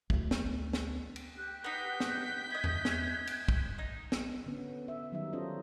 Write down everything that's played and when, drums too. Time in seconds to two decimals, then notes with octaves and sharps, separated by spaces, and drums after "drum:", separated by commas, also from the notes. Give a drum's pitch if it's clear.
0.10 D2 E4, drum: kick
0.31 drum: snare
0.73 drum: snare
1.16 drum: cymbal
1.36 G4 G5 F#6
1.64 B3 D#4 G6 B6
2.00 drum: snare
2.50 E4 D#5 F#6 G#6
2.64 drum: tom E2
2.85 drum: snare
3.27 drum: cymbal
3.48 drum: kick
3.78 D#4
4.12 drum: snare
4.46 D3 B3 C#4
4.88 E5
5.12 D#3 F#3 G3 D#4 E5
5.33 C#4 D#4 F4 A4 C5 D#5